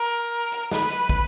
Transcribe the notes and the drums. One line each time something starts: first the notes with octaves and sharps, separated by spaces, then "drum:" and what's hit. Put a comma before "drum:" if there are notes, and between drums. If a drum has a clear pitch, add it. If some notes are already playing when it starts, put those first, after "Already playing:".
Already playing: A#4
drum: hi-hat
B4, drum: snare
drum: hi-hat
drum: kick